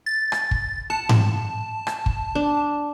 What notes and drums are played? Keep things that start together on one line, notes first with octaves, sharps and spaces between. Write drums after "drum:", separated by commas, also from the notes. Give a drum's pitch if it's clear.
A6
drum: rim click
drum: kick
F#5 A5
drum: tom G#2
drum: rim click
drum: kick
D4